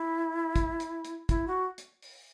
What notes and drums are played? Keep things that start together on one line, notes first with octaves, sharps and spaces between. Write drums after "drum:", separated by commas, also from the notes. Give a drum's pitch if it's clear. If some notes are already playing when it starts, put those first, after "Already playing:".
Already playing: E4
drum: kick, hi-hat
drum: hi-hat
drum: hi-hat
E4, drum: kick, hi-hat
F#4
drum: hi-hat
drum: open hi-hat